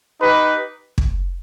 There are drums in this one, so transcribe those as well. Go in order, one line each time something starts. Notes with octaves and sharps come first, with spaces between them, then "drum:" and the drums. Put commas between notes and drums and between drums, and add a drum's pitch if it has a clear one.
D#4 G4 B4
drum: kick